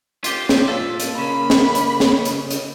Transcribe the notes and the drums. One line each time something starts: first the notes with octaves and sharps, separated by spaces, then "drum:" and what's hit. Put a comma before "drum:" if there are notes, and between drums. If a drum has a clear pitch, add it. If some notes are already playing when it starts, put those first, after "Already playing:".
F4 G4, drum: hi-hat
drum: snare
A#2 F4 A4
drum: hi-hat
C#3 A#3 B5
drum: snare
drum: hi-hat
drum: snare
drum: hi-hat
drum: hi-hat